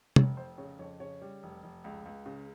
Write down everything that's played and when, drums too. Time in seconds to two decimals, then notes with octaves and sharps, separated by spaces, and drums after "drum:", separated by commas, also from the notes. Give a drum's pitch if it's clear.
0.16 F1 C#5, drum: tom
0.37 F1 C5
0.58 C#3 C#5
0.79 F2 C#5
1.00 C#3 C#5
1.22 G3
1.43 F1
1.63 F1
1.84 C#2
2.06 C#2
2.26 C#3